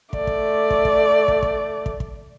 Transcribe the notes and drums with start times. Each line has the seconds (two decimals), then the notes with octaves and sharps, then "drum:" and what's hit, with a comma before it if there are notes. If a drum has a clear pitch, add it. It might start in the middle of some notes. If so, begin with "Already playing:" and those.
0.13 A3 D5, drum: kick
0.27 drum: kick
0.70 drum: kick
0.85 drum: kick
1.28 drum: kick
1.43 drum: kick
1.86 drum: kick
2.00 drum: kick